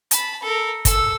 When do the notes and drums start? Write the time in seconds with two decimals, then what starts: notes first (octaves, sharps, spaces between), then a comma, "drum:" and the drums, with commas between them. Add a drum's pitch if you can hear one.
0.11 A5 B5, drum: hi-hat
0.42 A4 A#4
0.85 A4 E6, drum: kick, hi-hat